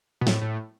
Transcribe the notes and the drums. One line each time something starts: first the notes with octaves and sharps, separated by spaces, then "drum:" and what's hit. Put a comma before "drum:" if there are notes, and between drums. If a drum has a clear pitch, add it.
B2
A2, drum: snare
A2